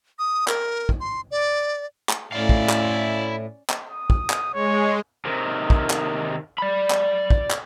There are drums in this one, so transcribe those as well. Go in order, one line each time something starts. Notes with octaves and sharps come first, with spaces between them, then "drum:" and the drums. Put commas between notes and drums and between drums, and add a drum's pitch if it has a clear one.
D#6
A#4, drum: clap
drum: kick
C6
D5
drum: clap
A2 C#4 E4 D5 F5
drum: kick
drum: clap
drum: clap
D#6
drum: kick
drum: clap
G#3 C#5
C3 D#3
drum: kick
drum: clap
D5 B5
drum: clap
drum: kick
drum: clap